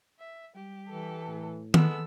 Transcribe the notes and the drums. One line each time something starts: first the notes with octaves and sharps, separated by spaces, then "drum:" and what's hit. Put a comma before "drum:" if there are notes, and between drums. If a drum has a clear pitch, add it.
E5
G3 G4
E3 A4
A2
G#3 B3 A4 E6, drum: tom D#3